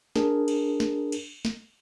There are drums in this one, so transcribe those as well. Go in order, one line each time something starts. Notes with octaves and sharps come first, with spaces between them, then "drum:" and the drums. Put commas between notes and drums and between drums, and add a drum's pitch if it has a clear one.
D4 G#4 A#4, drum: snare
drum: cymbal
drum: snare
drum: cymbal
drum: snare